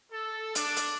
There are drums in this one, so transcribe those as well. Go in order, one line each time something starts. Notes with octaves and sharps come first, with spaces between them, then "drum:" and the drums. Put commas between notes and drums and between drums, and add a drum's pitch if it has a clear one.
A4
D4, drum: hi-hat
drum: hi-hat